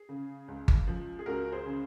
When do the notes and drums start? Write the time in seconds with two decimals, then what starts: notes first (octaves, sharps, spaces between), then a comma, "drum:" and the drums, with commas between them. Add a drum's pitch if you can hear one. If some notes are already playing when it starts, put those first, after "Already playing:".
Already playing: G#4
0.09 C#3
0.48 C#2
0.68 drum: kick G1
0.88 F3
1.19 G#4
1.26 C#2 F#4 A#4
1.52 G#4 C5
1.66 C#3